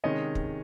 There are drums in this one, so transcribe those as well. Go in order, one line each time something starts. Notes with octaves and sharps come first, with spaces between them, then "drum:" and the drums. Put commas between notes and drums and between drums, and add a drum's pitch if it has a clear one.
C3 D#3 G#3 C#4 C#5 D#5
drum: kick